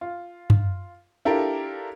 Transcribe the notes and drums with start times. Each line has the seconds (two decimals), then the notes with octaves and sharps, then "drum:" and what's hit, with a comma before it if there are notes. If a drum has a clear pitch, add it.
0.01 F4
0.50 drum: tom F#2
1.25 D4 E4 F4 G4 A4 A#4